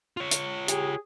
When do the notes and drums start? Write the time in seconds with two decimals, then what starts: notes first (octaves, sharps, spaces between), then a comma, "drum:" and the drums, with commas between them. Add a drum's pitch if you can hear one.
0.17 F4 C#5
0.31 drum: hi-hat
0.68 G4 G#4, drum: hi-hat